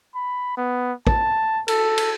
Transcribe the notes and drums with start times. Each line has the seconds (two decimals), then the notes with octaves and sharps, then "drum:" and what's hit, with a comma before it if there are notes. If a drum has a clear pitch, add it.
0.15 B5
0.57 B3
1.07 A5, drum: kick
1.68 A4, drum: cymbal
1.98 drum: cymbal